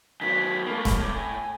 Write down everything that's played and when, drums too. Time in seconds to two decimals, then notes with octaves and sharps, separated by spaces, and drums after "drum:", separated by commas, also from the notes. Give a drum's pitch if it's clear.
0.21 D#3 F#3 B6
0.66 A3 A#3 B5
0.85 drum: snare
1.00 A2 D6
1.15 G#5